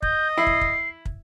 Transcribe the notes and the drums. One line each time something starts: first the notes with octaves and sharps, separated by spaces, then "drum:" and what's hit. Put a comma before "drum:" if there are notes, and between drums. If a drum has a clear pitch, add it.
D#5 G6, drum: kick
E4 C7
drum: kick
drum: kick
drum: kick